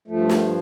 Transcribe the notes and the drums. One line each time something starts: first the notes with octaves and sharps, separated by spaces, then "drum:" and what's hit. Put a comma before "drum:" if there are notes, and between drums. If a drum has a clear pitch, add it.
G2 F3 A3
drum: snare